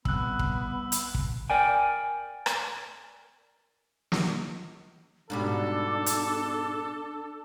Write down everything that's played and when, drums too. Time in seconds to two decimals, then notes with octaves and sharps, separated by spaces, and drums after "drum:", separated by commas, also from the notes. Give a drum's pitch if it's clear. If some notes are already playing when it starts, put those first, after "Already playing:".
0.05 G3 B3 C4 B5 E6 F#6, drum: kick
0.39 drum: kick
0.92 drum: hi-hat
1.14 drum: kick
1.50 A#4 D5 G5 G#5
2.46 drum: rim click
4.12 drum: snare
5.30 G#2 B2 G3 D4 A4
6.06 drum: hi-hat